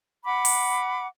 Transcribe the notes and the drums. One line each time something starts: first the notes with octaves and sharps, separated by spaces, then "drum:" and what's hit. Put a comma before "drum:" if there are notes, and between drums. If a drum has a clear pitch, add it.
F#5 B5 D6
drum: open hi-hat